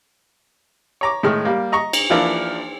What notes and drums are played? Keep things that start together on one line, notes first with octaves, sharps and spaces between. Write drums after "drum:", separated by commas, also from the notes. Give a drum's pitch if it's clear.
C#5 A#5 D6
A2 D#3 G#3 F6
G3 A#3
D#5 A#5 C#6
drum: cymbal
E3 F3 A#3 D4 E4 A#4